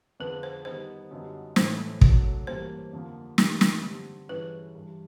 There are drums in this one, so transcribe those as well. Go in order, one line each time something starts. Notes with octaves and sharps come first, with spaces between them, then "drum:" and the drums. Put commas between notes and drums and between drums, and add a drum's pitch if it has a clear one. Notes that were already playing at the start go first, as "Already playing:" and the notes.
F2 D3 F3 G#3 B3 B4
C5
D#3 G3 B3 D#4 C5
F#2 D3 G3 B3 D#4
A2 E3 A3 C#4 E4 C5, drum: snare
B2 F#3 A3 D4, drum: kick
G2 E3 G3 A#3 C#4 C5
F2 D3 F3 A#3
G2 E3 G3 A#3, drum: snare
drum: snare
D3 G3 C4
G2 E3 G#3 C#4 E4 B4
G2 E3 G3